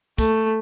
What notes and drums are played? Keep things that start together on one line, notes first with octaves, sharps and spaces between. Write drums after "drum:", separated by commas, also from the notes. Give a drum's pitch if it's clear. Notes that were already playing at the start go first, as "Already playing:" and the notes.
A3, drum: kick, tambourine